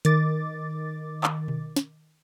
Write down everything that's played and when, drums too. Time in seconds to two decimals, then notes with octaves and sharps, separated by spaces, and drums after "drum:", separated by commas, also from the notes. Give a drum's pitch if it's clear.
0.05 D#3 D6 A6, drum: hi-hat
1.24 drum: clap
1.48 drum: tom B2
1.76 drum: snare